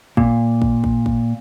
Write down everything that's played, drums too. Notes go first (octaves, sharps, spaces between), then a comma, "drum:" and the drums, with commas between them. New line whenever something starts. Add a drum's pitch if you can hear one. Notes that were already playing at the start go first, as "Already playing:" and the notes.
A#2, drum: kick
drum: kick
drum: kick
drum: kick